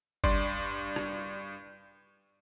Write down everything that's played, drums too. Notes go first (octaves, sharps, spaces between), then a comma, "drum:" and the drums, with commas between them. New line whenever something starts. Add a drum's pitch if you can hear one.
G2 D5 C6, drum: kick G1
drum: rim click